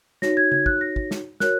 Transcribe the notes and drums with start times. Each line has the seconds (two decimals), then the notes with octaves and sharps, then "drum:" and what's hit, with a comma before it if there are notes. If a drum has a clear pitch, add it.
0.22 D#4 F#4 C#5 A#6, drum: snare
0.37 G#6
0.52 G#6, drum: tom C#3
0.66 F#6, drum: kick
0.81 A#6
0.96 drum: kick
1.11 drum: snare
1.40 F#4 A#4 C#5 F#6, drum: snare